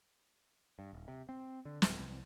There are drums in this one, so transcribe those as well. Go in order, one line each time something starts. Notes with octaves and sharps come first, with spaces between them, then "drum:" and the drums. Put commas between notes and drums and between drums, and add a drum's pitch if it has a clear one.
G2
D#1
C3
C4
D3
D1, drum: snare
C2